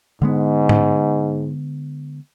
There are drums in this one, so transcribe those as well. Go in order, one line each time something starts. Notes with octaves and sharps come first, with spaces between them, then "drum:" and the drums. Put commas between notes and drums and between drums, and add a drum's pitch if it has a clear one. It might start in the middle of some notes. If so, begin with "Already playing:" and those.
G#2 D3 G#3 B3
drum: tom G#2